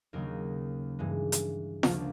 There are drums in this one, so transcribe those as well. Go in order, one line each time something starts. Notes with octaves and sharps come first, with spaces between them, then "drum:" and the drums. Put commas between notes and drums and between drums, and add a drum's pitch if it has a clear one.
D#2 C#3 F#3 A#3 D#4 A#4
G2 E3 G#3
drum: hi-hat
D2 C#3 F3 A#3, drum: snare